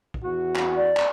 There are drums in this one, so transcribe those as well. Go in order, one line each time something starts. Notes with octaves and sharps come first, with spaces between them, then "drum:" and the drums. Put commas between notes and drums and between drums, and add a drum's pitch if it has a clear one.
drum: kick
E2 F#4
drum: clap
D5
drum: clap